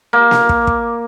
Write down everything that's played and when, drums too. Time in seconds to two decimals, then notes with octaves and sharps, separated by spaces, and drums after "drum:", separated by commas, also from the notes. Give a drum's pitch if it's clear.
0.13 A#3
0.31 drum: snare A#3
0.49 drum: kick
0.67 drum: kick